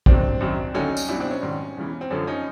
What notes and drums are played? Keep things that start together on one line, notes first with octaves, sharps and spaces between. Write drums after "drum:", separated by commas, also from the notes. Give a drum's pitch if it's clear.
D2 C3 D#3 F#3 C4 D4, drum: kick B1
F#2 D#3 F#3
D#2 D3 F#3 C#4 D#4
drum: tambourine
C#2 B2 F#3 D4 E4
C4 D4
C#4
G#2 D#3 F#3
E2 C#3 E3
C4
F#2 D3 F3 C#4
C#4 D#4